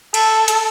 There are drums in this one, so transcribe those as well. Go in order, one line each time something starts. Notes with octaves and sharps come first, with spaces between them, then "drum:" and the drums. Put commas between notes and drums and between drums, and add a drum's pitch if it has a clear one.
A4, drum: cymbal
drum: hi-hat